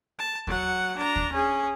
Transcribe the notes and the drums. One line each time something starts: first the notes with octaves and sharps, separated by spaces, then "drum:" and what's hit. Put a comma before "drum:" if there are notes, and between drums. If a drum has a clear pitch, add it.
A5
F#3 F#5, drum: kick D#2
D4 A#5
drum: kick D#2
C#4 G#4